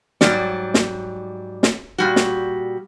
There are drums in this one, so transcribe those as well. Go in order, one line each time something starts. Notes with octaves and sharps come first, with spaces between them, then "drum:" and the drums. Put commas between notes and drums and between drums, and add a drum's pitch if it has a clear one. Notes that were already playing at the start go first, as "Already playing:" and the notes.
G#2 F#3 G3 D5, drum: snare
drum: snare
drum: snare
A#2 G3 F#4
drum: snare